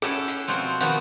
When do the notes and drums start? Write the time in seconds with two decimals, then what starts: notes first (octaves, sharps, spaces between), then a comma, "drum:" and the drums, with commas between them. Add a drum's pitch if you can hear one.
0.02 C#4 E4 G4 A4 F#5 A5, drum: rim click
0.28 drum: hi-hat
0.47 B2 F3 C4 F4 F#4 A#4
0.81 D#3 F3 B3 F#4, drum: hi-hat